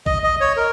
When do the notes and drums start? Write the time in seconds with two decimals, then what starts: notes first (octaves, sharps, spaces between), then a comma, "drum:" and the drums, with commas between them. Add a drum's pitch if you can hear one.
0.06 D#5, drum: kick A#1
0.23 D#5
0.41 C#5
0.57 A#4